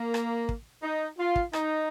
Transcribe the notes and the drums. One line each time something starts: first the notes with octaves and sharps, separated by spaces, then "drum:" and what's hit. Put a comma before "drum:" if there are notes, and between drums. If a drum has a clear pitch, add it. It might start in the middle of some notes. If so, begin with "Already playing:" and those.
Already playing: A#3
drum: rim click
drum: kick
D#4
F4
drum: kick
D#4, drum: rim click